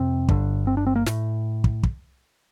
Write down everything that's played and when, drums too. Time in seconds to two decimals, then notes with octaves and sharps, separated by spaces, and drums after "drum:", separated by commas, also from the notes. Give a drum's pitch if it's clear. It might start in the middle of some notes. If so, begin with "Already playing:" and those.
Already playing: F2 C3 C4
0.28 G1 G2 D3, drum: kick
0.67 C4
0.77 D4
0.87 C4
0.96 A#3
1.06 A2, drum: snare
1.64 drum: kick
1.83 drum: kick